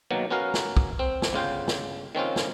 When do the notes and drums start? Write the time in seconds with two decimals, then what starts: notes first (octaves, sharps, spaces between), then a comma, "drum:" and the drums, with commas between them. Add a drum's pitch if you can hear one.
0.11 B2 D#3 F#3 A#3
0.31 B3 C#4 F#4 A#4 F5
0.54 drum: snare
0.77 drum: kick
0.99 C4
1.22 drum: snare
1.33 G1 C#3 F4 G5
1.68 drum: snare
2.15 D#3 C4 C#4 F4
2.36 drum: snare